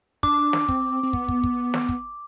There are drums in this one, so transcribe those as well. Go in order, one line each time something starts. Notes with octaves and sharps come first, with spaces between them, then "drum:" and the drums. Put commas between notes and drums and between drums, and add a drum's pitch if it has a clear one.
D4 D6, drum: kick
drum: snare
C4, drum: kick
C4
B3, drum: kick
drum: kick
drum: kick
drum: snare
drum: kick